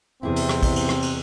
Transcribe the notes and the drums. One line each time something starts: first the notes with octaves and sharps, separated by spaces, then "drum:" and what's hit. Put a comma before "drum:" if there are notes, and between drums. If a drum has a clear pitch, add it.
E2 C3 C4 E4 G#4
drum: cymbal
drum: rim click
drum: kick, cymbal
drum: cymbal
drum: rim click
drum: cymbal